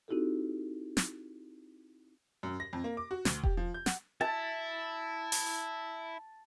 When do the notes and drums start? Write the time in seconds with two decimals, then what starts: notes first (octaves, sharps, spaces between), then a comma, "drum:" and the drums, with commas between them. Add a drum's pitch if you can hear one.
0.08 C4 D#4 E4 F#4 G4 A4
0.97 drum: snare
2.43 F#2
2.60 A#6
2.73 F2
2.84 A#3
2.97 D6
3.11 F#4
3.25 D2, drum: snare
3.43 G4, drum: kick E1
3.57 F3
3.74 G6
3.86 F#5, drum: snare
4.21 E4 A5
5.32 drum: open hi-hat